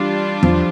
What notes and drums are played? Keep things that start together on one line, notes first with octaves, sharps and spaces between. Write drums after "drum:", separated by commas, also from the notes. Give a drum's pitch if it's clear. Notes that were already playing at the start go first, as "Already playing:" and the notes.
Already playing: E3 G3 D4 F4
F3, drum: tom E2